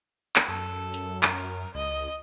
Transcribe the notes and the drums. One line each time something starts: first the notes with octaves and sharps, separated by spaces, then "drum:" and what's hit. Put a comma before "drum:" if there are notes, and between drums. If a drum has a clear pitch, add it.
drum: clap
F#2 A4
drum: hi-hat
A#4, drum: clap
C#2 D#5